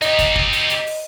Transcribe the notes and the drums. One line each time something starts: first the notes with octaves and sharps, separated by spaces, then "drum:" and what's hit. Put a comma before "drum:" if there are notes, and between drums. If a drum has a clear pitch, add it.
D#4 G4 D#5, drum: hi-hat
drum: kick, hi-hat
drum: kick
drum: hi-hat
drum: hi-hat
drum: open hi-hat